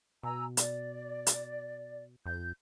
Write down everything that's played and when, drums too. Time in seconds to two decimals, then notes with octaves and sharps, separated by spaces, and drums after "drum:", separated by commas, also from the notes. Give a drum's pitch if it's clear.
0.23 B2 G#5 A#5 E6
0.57 D5, drum: hi-hat
1.27 drum: hi-hat
2.26 F2 G6